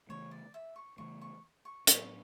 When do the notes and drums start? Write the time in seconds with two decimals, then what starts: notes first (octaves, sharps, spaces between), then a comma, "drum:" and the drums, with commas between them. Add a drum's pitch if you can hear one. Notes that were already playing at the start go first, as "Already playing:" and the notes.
0.09 C#3 E3 A3 C#5
0.31 D5
0.54 E5
0.76 C#6
0.98 C#3 E3 A3 C#6
1.21 C#6
1.65 C#6
1.87 A2 F#3 B3 D4 C#6, drum: hi-hat